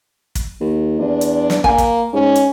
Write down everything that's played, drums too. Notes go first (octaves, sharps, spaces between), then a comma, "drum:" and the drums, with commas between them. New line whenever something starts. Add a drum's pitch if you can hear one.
drum: kick, hi-hat
D#2
E2 D4
drum: hi-hat
drum: snare
A#3 G#5, drum: kick
drum: kick, hi-hat
G#2 C#4
drum: hi-hat